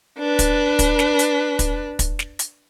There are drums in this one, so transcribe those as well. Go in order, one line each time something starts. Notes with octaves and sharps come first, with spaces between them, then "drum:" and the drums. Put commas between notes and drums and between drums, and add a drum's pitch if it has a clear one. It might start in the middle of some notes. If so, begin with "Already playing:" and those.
D4 B4
drum: kick, hi-hat
drum: kick, hi-hat
drum: snare
drum: hi-hat
drum: kick, hi-hat
drum: kick, hi-hat
drum: snare
drum: hi-hat